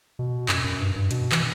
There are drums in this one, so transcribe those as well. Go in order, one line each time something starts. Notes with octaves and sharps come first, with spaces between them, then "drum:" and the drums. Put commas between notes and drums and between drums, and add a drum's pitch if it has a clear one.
B2
F#2, drum: clap
F#2
G2
G2
B2, drum: hi-hat
E3, drum: clap